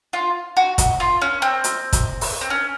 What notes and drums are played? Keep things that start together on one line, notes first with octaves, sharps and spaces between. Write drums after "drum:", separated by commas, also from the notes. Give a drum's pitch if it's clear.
F4
F#4
drum: kick, hi-hat
F4
C#4
C4
drum: hi-hat
drum: kick, hi-hat
drum: open hi-hat
C4
C#4